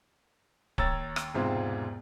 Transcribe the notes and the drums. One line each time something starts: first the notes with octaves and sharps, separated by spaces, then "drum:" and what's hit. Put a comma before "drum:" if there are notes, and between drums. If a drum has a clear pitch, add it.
D#2 C#5 A#5 E6 A6, drum: kick D1
drum: rim click
E1 G#2 C3 C4 F4